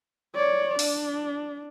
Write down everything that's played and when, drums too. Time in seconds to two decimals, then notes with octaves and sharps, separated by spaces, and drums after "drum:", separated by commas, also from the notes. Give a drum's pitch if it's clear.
0.35 C#5 D5
0.79 D4, drum: open hi-hat